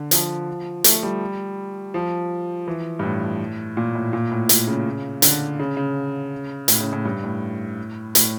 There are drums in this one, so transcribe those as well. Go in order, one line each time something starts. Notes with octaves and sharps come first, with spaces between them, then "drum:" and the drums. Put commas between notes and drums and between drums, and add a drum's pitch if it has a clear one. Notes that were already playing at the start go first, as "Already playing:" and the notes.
Already playing: D3
F3, drum: hi-hat
A3, drum: hi-hat
G3
F3
E3
G2
A2
A#2
A2
A#2
A2
A2, drum: hi-hat
C#3
D3, drum: hi-hat
C#3
C#3
A2, drum: hi-hat
C#3
A2
G2
A2
A2, drum: hi-hat